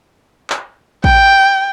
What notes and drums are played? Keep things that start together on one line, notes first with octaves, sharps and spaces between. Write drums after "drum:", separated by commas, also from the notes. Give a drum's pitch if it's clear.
drum: clap
G5, drum: kick A1